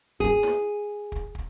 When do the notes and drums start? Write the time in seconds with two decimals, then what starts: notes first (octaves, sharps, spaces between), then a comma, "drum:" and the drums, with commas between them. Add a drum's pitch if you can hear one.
0.20 G#4, drum: kick
0.43 drum: snare
1.12 drum: kick
1.35 drum: kick